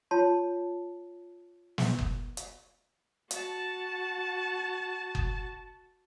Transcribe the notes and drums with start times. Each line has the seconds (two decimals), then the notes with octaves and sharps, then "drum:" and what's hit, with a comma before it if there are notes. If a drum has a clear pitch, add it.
0.11 F4 C#5 A5 C6
1.78 drum: snare
1.99 drum: kick F#1
2.37 drum: hi-hat
3.31 F#4 A5, drum: hi-hat
5.15 drum: kick F#1